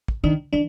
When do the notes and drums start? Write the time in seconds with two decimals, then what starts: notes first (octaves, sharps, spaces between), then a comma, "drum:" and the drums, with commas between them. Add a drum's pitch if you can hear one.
0.08 drum: kick
0.24 D#3 D4
0.53 E3 D4